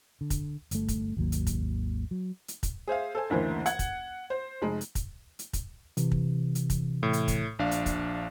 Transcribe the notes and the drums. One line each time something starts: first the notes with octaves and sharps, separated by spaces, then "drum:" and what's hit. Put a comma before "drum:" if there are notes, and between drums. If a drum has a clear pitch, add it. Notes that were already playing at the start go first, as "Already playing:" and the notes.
D3
drum: kick, hi-hat
G1 A3, drum: hi-hat
drum: kick, hi-hat
G#1 D#2 F#3 A#3
drum: hi-hat
drum: kick, hi-hat
F#3
drum: hi-hat
drum: kick, hi-hat
G#4 C5 E5 F5
A4 C5 G#5
F#1 D2 E3 A#3 C5
F#5 G#6, drum: hi-hat
drum: kick, hi-hat
C5
F1 G#3
drum: hi-hat
drum: kick, hi-hat
drum: hi-hat
drum: kick, hi-hat
C3 E3, drum: hi-hat
drum: kick
drum: hi-hat
drum: kick, hi-hat
A2
drum: hi-hat
drum: kick, hi-hat
A#1 D4 F5
drum: hi-hat
drum: kick, hi-hat